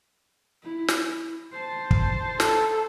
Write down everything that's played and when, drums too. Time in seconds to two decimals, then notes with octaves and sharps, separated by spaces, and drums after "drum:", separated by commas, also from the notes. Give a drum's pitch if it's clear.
0.63 E4
0.88 drum: snare
1.52 C5 A5
1.91 drum: kick
2.40 A4, drum: snare